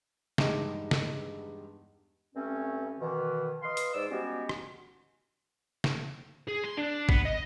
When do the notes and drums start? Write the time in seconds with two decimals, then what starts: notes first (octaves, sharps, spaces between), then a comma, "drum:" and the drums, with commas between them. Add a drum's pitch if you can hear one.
0.38 E2 G2 G#3 D#4 G4 D#5, drum: snare
0.91 drum: snare
2.35 G2 A3 C4 C#4
2.99 B2 D#3 E3
3.63 B4 D#5 F5 C6
3.77 drum: open hi-hat
3.94 G#2 D5 E6
4.10 G3 G#3 B3 C#4 F#4 G4
4.49 drum: rim click
5.84 drum: snare
6.47 G#4
6.64 C6
6.77 D4
7.09 B3, drum: kick G#1
7.25 D#5